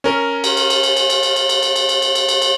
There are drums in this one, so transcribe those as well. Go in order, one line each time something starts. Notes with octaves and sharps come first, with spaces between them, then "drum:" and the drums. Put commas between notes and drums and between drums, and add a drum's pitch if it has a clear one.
C#4 A#4
drum: cymbal
drum: cymbal
drum: cymbal
drum: cymbal
drum: cymbal
drum: cymbal
drum: cymbal
drum: cymbal
drum: cymbal
drum: cymbal
drum: cymbal
drum: cymbal
drum: cymbal
drum: cymbal
drum: cymbal
drum: cymbal